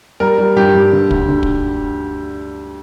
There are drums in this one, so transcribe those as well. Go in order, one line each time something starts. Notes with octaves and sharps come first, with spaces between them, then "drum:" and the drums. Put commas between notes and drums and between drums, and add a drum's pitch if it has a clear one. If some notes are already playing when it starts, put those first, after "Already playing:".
G3 A#4
G3
G2 G4
G2
D3
D2, drum: kick
D3
drum: kick